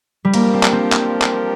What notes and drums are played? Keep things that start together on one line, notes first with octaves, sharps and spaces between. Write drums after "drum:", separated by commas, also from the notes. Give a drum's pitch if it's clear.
G3
F2 F3 A#3 D4 G4 A#4, drum: cymbal
C4
drum: clap
C4
drum: clap
drum: clap